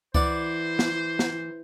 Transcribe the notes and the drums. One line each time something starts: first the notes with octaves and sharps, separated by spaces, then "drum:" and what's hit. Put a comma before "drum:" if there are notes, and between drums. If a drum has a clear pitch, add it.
E3 C5 D5 F#5 D6, drum: kick C#2
drum: snare
drum: snare